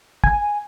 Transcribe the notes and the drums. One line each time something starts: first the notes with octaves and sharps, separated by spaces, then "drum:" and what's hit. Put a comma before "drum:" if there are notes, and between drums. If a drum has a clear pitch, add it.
G#5, drum: kick